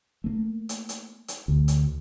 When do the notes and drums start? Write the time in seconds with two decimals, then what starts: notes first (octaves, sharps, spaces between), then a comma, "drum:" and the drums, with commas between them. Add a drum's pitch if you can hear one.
0.24 A3 A#3
0.69 drum: hi-hat
0.89 drum: hi-hat
1.28 drum: hi-hat
1.48 D2
1.68 drum: hi-hat